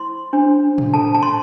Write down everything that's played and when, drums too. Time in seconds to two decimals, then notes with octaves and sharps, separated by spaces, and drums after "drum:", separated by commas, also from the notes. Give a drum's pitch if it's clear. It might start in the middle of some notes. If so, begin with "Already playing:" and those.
Already playing: E4 C5 C6
0.33 D4 C5
0.78 drum: tom
0.93 D4 A4 C5 A5
1.14 A5
1.23 C6